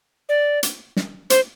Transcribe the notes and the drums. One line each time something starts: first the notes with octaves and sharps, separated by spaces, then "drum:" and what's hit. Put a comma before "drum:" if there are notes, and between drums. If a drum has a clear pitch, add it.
D5
drum: hi-hat
drum: snare
C5, drum: hi-hat